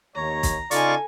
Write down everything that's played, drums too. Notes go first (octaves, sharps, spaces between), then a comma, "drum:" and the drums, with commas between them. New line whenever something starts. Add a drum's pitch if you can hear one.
D#2 C#5 A#5
drum: kick, hi-hat
C#3 D#4 F4 A4 D5 G#5 C#6 D6, drum: hi-hat